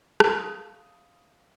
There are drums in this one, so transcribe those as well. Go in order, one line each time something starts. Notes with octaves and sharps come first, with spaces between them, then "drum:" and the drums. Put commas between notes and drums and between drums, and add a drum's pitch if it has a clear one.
G4 E5 F5 A5 B5 D6, drum: rim click
D#6